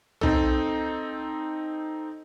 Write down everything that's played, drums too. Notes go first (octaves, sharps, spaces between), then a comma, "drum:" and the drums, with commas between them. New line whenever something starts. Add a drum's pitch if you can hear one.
C4 D#4 A4, drum: tom C2